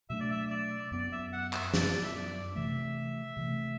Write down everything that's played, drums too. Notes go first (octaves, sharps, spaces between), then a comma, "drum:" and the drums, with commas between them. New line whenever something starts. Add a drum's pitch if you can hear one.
B2 F#3 A3 D4 E5
D5
E5
D5
F#2 F#3 B3 D5
E5
F#5
E5, drum: clap
F#2 F#3 B3 D5, drum: snare
E5
D5
C3 E3 A3 E5
C3 E3 A3